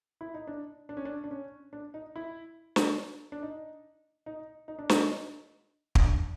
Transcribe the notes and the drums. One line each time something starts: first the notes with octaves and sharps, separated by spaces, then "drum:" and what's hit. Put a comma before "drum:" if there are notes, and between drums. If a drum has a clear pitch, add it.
E4
D#4
D4
D4
C#4
D4
D4
C#4
D4
D#4
E4
drum: snare
D4
D#4
D#4
D#4
D4
D#4, drum: snare
D4, drum: kick